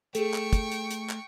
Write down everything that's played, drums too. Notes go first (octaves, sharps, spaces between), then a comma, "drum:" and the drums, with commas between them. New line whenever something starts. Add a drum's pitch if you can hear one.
A3 G#4 A4 G5 C#6, drum: hi-hat
drum: clap
drum: kick, hi-hat
drum: hi-hat
drum: hi-hat
drum: clap